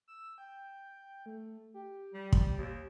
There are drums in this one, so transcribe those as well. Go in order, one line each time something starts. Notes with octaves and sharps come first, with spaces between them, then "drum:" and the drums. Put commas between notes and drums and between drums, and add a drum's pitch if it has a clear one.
E6
G5
A3
G4
G3
drum: kick
D#2